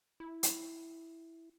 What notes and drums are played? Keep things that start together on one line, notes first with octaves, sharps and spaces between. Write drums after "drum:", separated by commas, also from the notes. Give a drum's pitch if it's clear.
E4
drum: hi-hat